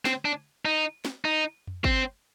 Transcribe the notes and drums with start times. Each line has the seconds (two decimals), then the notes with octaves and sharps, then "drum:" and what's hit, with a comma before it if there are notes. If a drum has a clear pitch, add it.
0.05 C4, drum: snare
0.25 D4
0.65 D#4
1.05 drum: snare
1.25 D#4
1.67 drum: tom F2
1.84 C4, drum: kick